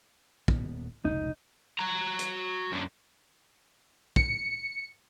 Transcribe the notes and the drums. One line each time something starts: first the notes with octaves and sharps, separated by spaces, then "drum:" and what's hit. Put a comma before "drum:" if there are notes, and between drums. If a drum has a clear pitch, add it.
D#1 D#2 B3, drum: kick
F1 C#2 B2 D#4
F#4 A#5
drum: hi-hat
F#2 D3
C#7, drum: kick